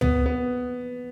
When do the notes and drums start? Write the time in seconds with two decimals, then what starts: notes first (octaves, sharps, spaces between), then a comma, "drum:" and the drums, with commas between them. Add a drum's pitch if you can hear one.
0.01 B3, drum: tom
0.26 B3